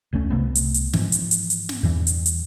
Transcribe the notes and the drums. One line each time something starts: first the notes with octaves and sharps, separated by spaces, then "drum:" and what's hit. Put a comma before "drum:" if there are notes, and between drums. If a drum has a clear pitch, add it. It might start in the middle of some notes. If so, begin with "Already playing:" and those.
E1 C#2 A3 C#4
C2 C3 A3 B3
drum: hi-hat
drum: hi-hat
G#2 E3 F3, drum: snare
drum: hi-hat
drum: hi-hat
drum: hi-hat
drum: snare
E2 G2 E3
drum: hi-hat
drum: hi-hat